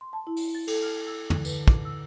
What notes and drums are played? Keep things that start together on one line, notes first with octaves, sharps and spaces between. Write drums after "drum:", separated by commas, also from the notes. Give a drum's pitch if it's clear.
C6
A5
E4
drum: open hi-hat
A6
A4, drum: cymbal
F6
E6
D3, drum: tom
B4, drum: tambourine
D6, drum: kick
E6